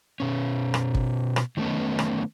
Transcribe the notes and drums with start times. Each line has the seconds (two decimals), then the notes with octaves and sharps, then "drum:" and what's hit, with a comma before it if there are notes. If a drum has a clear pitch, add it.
0.20 B2 C#4
0.74 drum: rim click
0.95 drum: kick
1.36 drum: rim click
1.57 D#3 F#3 A3 B3 C#4
1.99 drum: rim click